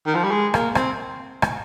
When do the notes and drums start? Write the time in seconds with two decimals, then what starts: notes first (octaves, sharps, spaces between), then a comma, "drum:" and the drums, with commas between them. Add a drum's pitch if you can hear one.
0.06 D#3
0.15 F3
0.24 G3
0.31 G#3
0.54 A#3, drum: rim click
0.75 C4, drum: rim click
1.42 drum: rim click